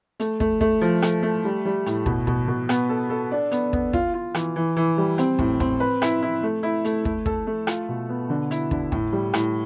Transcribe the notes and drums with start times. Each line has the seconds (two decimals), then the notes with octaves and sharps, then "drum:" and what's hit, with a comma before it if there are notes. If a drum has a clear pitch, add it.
0.20 A3, drum: hi-hat
0.40 A3, drum: kick
0.61 A3, drum: kick
0.81 F3
1.02 A3, drum: rim click
1.23 A3
1.45 G3
1.65 G3
1.86 A2, drum: hi-hat
2.06 B2, drum: kick
2.27 B2, drum: kick
2.48 B2
2.69 B3, drum: rim click
2.89 A4
3.10 A4
3.32 D4
3.51 B3, drum: hi-hat
3.73 B3, drum: kick
3.93 F4, drum: kick
4.14 F4
4.34 E3, drum: rim click
4.56 E3
4.77 E3
4.98 G3
5.18 C4, drum: hi-hat
5.39 A2, drum: kick
5.60 C4, drum: kick
5.80 B4
6.02 E4, drum: rim click
6.22 E4
6.43 A3
6.63 E4
6.85 A3, drum: hi-hat
7.05 A3, drum: kick
7.26 A4, drum: kick
7.47 A3
7.67 F4, drum: rim click
7.89 B2
8.09 B3
8.30 D3
8.51 E4, drum: hi-hat
8.71 D3, drum: kick
8.92 A2, drum: kick
9.12 G3
9.33 A2, drum: rim click